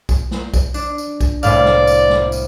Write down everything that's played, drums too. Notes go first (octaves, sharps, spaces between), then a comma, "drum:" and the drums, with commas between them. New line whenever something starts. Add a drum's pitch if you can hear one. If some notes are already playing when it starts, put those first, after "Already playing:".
drum: kick B1, tambourine
drum: snare
drum: kick B1, tambourine
D4, drum: tambourine
drum: tambourine
drum: kick B1, tambourine
C2 A2 D5 F5, drum: tambourine
drum: snare
drum: tambourine
drum: snare
drum: tambourine